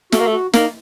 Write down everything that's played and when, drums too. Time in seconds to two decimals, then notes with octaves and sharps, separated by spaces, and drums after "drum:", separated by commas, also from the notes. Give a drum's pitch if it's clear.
0.12 A3 F#4, drum: snare
0.20 A#3
0.27 A3
0.32 F#4
0.53 A#3 D#4, drum: snare